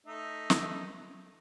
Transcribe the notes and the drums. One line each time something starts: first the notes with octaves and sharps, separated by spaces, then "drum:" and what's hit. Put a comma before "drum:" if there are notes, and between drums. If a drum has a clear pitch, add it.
A3 D#4 E5
drum: snare